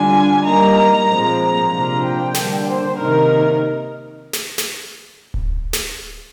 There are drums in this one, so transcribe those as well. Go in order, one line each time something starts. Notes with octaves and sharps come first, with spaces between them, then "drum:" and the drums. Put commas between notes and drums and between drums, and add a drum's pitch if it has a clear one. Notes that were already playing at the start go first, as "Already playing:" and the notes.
Already playing: D3 G3 D4 F4 G#5
G3 A#3 D#4 A#5
A#5
A#2 F3 G#3 C4
A#5
C3 F3 A#3 D4 F4
G5
D3 G3 A#3 D4, drum: snare
C5
C3 D#3 A#3 D#4 A#4
drum: snare
drum: snare
drum: kick D1
drum: snare